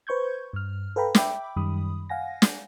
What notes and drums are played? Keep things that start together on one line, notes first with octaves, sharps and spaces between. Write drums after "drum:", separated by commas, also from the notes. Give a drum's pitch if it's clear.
B4 C5 C#6 G6 G#6
G2 F6
A4 B4 F5 G5 A#5 B5
E5 G5 B5 D6, drum: snare
F#2 D#3 G3 B5 D#6
F5 F#5 G#5 A#6
drum: snare